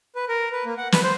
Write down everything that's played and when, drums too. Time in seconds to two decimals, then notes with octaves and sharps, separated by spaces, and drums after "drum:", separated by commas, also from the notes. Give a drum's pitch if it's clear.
0.16 B4
0.29 A#4
0.52 B4
0.65 A#3
0.78 F#5
0.92 B4, drum: snare
1.04 C5